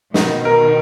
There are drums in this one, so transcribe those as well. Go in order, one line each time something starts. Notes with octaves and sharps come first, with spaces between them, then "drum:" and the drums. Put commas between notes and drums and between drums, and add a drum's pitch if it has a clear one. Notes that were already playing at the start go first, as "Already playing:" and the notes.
B2 D#3 D#4, drum: snare
A#4